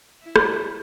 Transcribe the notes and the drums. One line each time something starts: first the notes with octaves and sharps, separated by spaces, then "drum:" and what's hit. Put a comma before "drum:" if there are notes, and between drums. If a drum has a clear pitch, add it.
E4
drum: rim click